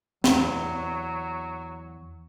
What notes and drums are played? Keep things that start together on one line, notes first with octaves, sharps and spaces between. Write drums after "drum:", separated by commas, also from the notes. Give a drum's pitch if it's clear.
E2 F#3, drum: snare